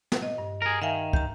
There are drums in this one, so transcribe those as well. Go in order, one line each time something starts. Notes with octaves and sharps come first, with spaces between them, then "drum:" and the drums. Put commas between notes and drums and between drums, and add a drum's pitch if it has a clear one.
drum: snare
D#5
G2
G#4 A#4
D#3 E5 F5 G#5
A#5 G6, drum: kick